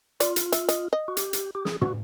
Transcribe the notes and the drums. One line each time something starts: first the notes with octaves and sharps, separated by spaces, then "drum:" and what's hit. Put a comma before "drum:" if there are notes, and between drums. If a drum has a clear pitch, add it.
F4 D5, drum: hi-hat
drum: hi-hat
E5, drum: hi-hat
D#5, drum: hi-hat
D#5
F#4
G4, drum: hi-hat
drum: hi-hat
G4
G#4, drum: snare
F#4, drum: tom